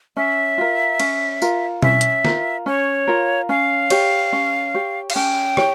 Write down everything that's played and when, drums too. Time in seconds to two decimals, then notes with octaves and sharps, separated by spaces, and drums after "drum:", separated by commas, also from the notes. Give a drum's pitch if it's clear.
0.17 C#4 E5
0.58 F4 A#4
1.00 C#4, drum: cymbal
1.42 F4 A#4, drum: tambourine
1.82 C#4 E5, drum: tom B2
2.01 drum: hi-hat
2.25 F4 A#4, drum: snare
2.66 C#4 C#5
3.07 F4 A#4
3.49 C#4 F5
3.90 G4 C#5, drum: cymbal
4.33 C#4
4.74 G4 C#5
5.10 F5, drum: cymbal
5.15 C#4 G5
5.57 G4 C#5, drum: rim click